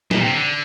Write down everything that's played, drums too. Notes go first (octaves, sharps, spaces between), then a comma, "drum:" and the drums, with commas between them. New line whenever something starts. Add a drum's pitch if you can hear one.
A#2, drum: snare
C3
D3